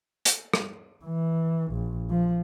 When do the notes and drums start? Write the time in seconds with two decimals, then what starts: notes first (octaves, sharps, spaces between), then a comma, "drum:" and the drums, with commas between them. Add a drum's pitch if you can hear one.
0.25 drum: hi-hat
0.54 drum: rim click
1.05 E3
1.72 A#1
2.10 F3